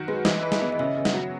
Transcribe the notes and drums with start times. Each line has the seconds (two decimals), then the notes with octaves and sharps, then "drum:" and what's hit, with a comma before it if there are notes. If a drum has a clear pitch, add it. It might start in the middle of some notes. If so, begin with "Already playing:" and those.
Already playing: D#3 F#3 F#4
0.08 G#3 B4
0.25 E3 D#5, drum: snare
0.43 B4
0.52 D#5, drum: snare
0.61 B3
0.72 D#5
0.79 C#3 E5
0.97 C#3
1.05 F#5, drum: snare
1.14 F#3